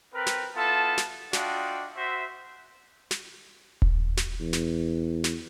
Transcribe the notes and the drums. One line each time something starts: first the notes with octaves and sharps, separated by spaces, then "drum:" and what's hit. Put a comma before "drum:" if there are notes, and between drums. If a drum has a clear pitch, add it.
C4 A#4 B4
drum: snare
B3 E4 F4 A4 A5
drum: snare
D4 F4 F#4 D#5 G5, drum: snare
F#4 C5 E5
drum: snare
drum: kick D#1
drum: snare
E2
drum: snare
drum: snare